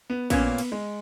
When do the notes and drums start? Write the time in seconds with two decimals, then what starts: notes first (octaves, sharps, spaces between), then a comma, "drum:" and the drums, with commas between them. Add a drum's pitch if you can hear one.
0.10 B3
0.30 A#2 A#3 B3 C#4, drum: kick, cymbal
0.58 drum: cymbal
0.72 G#3